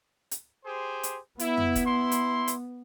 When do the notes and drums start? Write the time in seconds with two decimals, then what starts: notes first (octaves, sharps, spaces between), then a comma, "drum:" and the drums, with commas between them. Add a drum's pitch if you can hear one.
0.31 drum: hi-hat
0.64 G4 G#4 C5
1.03 drum: hi-hat
1.39 B3 E4, drum: hi-hat
1.57 drum: tom F2
1.75 drum: kick, hi-hat
1.85 E4 C6
2.12 drum: hi-hat
2.48 drum: hi-hat